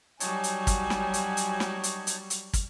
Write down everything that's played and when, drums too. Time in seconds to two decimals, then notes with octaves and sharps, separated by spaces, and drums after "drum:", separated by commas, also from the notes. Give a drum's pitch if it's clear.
0.20 F#3 G3 D#4 F#4 C#5 G#5 A5, drum: hi-hat
0.44 drum: hi-hat
0.67 drum: kick, hi-hat
0.90 drum: snare
1.14 drum: hi-hat
1.37 drum: hi-hat
1.60 drum: snare
1.84 drum: hi-hat
2.07 drum: hi-hat
2.30 drum: hi-hat
2.53 drum: kick, hi-hat